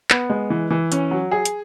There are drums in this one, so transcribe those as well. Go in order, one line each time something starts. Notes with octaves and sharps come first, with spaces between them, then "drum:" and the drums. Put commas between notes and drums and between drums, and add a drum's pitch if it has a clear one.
B3, drum: clap
G#3
E3
E3
C#4, drum: hi-hat
F#3
G#4
drum: hi-hat